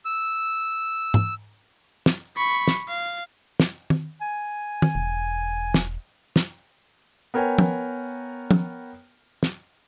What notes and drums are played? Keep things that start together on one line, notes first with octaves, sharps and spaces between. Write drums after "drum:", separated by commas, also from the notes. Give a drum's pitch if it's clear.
E6
drum: tom G#2
drum: snare
B5 C#6
drum: snare
F5
drum: snare
drum: tom
G#5
drum: tom
E1
drum: snare
drum: snare
B3 A#4 C#5 G5 G#5
drum: tom
drum: tom
drum: snare